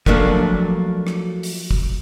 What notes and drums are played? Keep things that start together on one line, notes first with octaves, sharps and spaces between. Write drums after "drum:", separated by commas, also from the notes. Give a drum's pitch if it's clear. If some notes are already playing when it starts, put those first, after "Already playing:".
F3 F#3 A3 A#3 D4, drum: kick
drum: rim click
drum: open hi-hat
drum: kick